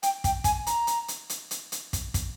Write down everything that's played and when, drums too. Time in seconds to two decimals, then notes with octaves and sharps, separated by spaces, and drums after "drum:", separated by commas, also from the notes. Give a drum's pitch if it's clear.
0.03 G5, drum: hi-hat
0.24 G5, drum: kick, hi-hat
0.44 G#5, drum: kick, hi-hat
0.67 A#5, drum: hi-hat
0.87 drum: hi-hat
1.08 drum: hi-hat
1.29 drum: hi-hat
1.51 drum: hi-hat
1.72 drum: hi-hat
1.93 drum: kick, hi-hat
2.14 drum: kick, hi-hat